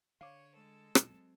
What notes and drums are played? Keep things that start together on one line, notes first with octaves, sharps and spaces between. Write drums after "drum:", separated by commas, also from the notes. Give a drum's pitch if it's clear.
D3 C#5 F5 D6
G#3 A4
F#3 C4, drum: rim click